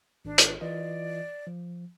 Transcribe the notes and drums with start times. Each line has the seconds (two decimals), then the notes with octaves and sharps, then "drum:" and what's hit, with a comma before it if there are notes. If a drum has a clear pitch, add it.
0.25 G#1 D4
0.38 drum: hi-hat
0.61 E3 F4 D5 D#5
1.47 F3